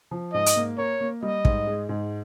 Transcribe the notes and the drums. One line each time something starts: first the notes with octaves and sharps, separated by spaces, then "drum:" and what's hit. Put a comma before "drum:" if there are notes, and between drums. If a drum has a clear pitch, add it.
F3
G#2 D#5
drum: hi-hat
A#3
A#4 C#5
A#3
G3 D#5
G#2, drum: kick
G#3
G#2